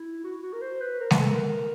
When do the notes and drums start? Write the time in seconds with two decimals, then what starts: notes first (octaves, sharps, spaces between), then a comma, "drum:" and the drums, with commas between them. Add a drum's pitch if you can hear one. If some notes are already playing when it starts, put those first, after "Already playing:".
Already playing: E4
0.24 F#4
0.42 F#4
0.53 A#4
0.62 C5
0.81 B4
1.00 A#4
1.11 B4, drum: snare
1.20 A4
1.30 A#4